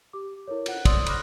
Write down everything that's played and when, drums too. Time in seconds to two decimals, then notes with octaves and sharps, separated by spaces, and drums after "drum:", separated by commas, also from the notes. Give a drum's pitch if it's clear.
0.13 G4 D6
0.48 E4 A4 A#4 C#5
0.66 F4 F#5 F#6, drum: cymbal
0.85 D5 C6 D#6 E6 A6 F#7, drum: kick, cymbal
1.06 B5 D6 D#6 F6 F#6 A#6, drum: cymbal